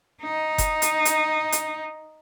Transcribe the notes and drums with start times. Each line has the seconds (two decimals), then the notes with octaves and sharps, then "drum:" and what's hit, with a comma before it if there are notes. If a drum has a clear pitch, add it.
0.23 D#4
0.58 drum: kick F#1, hi-hat
0.82 drum: hi-hat
1.05 drum: hi-hat
1.52 drum: hi-hat